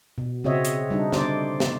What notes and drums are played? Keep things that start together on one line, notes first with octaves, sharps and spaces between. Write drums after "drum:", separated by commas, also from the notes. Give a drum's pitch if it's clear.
B2
C#3 C4 F#4 C#5 D#5 E5
drum: hi-hat
G3 D4 D#4
D3 C5 D5, drum: snare
drum: snare